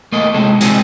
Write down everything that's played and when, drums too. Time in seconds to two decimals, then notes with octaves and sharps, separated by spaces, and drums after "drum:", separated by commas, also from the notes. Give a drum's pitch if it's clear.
0.12 A3 A#3 D#5
0.34 C3 G#3 A4
0.61 G3 G#3 C4 G#4, drum: hi-hat